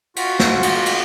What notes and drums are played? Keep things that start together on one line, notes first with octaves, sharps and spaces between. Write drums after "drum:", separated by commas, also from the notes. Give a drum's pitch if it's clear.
F4 F#4, drum: cymbal
drum: snare
drum: cymbal
drum: cymbal